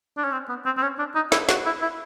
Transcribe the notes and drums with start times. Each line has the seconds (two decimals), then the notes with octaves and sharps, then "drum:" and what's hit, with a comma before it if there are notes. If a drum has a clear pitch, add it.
0.17 D4
0.24 C#4
0.32 C4
0.49 B3
0.66 C4
0.77 C4
0.82 C#4
0.99 D4
1.15 D#4
1.32 E4, drum: snare
1.49 F#4, drum: snare
1.66 E4
1.82 E4